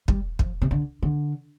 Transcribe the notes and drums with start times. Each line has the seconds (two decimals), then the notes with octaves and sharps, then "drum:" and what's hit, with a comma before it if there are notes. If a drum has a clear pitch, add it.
0.08 G3, drum: kick
0.39 F3, drum: kick
0.62 C3
0.71 D3
1.03 D3